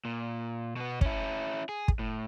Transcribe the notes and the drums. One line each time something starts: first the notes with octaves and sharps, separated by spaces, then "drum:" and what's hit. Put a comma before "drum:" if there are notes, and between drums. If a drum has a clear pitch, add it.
A#2
B2 B3
C#4 E4, drum: kick
G#4
drum: kick
A2